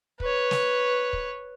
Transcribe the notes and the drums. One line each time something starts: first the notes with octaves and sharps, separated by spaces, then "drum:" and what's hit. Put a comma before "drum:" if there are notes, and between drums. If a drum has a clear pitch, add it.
B4 C#5, drum: kick
drum: snare
drum: kick